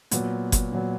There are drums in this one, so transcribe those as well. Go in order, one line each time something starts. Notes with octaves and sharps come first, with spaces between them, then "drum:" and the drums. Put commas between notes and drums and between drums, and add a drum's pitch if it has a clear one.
A#2 F#3 B3, drum: hi-hat
drum: kick F#1, hi-hat
A#2 F#3 B3